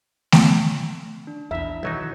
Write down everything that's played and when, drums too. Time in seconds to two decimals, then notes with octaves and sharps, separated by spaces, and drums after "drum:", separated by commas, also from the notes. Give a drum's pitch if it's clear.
0.32 drum: snare A3
1.27 D4
1.51 A#1 E2 D4 E4 E5 A#5
1.83 B1 D#3 E3 F#3 G3 D#4